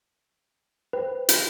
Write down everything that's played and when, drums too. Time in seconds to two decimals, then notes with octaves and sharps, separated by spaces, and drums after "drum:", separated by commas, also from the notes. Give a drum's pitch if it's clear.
0.93 B4 C5 G5
1.29 drum: hi-hat